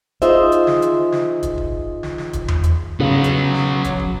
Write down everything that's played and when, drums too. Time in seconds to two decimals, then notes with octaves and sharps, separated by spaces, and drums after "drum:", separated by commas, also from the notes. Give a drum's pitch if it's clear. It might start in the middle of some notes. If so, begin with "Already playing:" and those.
0.22 D#4 F4 G#4 C5 D#5 E5, drum: hi-hat
0.52 drum: hi-hat
0.67 drum: snare
0.82 drum: hi-hat
1.12 drum: snare
1.43 drum: kick, hi-hat
1.58 drum: kick
2.03 drum: snare
2.18 drum: snare
2.33 drum: kick, hi-hat
2.48 drum: tom E2
2.63 drum: hi-hat
3.00 C#3 F#3 B3
3.24 drum: hi-hat
3.54 drum: snare
3.84 drum: kick, hi-hat
4.00 drum: kick